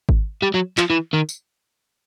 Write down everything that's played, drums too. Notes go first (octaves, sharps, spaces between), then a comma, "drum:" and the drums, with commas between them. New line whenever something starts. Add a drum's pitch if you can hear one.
drum: kick G#1
G3
F#3
F3, drum: clap
E3
D#3
drum: tambourine